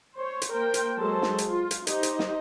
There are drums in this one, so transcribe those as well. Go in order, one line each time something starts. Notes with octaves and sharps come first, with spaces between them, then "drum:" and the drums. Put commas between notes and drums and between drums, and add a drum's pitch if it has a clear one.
C5 C#5
drum: hi-hat
A#3 A#4 C5 G5
drum: hi-hat
F#3 G#3 G#4 A4 C5 A5
drum: snare
drum: hi-hat
F4
drum: hi-hat
D#4 G4 C5 D#5, drum: hi-hat
drum: hi-hat
drum: snare